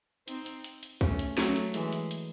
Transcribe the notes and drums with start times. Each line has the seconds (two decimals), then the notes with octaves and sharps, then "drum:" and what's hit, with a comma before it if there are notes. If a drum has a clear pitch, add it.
0.28 C4 D#4, drum: hi-hat
0.46 drum: hi-hat
0.64 drum: hi-hat
0.83 drum: hi-hat
1.01 A3 C#4, drum: kick B1
1.19 drum: hi-hat
1.38 F#3 A3, drum: snare
1.56 drum: hi-hat
1.74 E3 G#3, drum: hi-hat
1.93 drum: hi-hat
2.11 drum: hi-hat